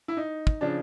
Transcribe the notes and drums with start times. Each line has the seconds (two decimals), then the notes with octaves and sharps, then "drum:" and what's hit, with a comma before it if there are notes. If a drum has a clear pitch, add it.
0.08 E4
0.17 D#4
0.47 drum: kick
0.61 C#3 F3 D4